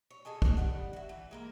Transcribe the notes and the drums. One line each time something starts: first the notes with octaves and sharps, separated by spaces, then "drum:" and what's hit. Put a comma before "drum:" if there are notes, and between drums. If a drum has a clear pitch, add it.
C#5
G#4 A4 D#5 G#5
drum: kick
G3 D4 F#5
E4 F#4
E3
G#3 A#3 A#4